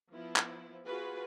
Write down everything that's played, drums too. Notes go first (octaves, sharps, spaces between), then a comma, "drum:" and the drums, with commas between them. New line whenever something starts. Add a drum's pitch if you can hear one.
F3 B3 E4
drum: clap
F4 F#4 G#4 B4